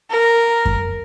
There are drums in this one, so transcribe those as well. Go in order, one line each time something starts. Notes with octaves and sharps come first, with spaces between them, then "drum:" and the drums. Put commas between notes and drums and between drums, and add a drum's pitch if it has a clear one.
A#4
drum: kick F#2